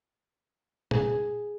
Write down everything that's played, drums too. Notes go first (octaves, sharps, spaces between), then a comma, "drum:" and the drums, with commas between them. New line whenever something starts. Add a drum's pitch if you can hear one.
G#4, drum: tom